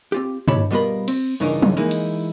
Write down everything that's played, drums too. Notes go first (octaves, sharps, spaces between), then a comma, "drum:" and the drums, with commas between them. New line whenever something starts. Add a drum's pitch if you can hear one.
C4 F4 G4
D#2 E4 G4 C#5 A5 B5, drum: tom G2
B2 G3 B3 F4 A#4 B5
C4, drum: cymbal
G2 C#3 E3 D4 D#4 A#4
drum: tom F3
E3 G#3 A#3 D#4 E4
drum: cymbal